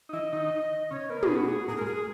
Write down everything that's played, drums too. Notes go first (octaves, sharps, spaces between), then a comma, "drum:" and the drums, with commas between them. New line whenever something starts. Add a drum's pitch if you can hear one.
D#4
E3 E4 D#5
D#3 D#4
C#3 C#4 C#5
B3 A#4
A#3
B2 B3 G#4, drum: tom
F#4
G#4
A#2 A#3 G#4
A#4
G#2 G#3
G#4
G#3